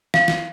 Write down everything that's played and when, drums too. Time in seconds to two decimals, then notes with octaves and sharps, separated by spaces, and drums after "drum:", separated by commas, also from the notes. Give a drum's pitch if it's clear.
0.14 F5, drum: snare
0.28 drum: snare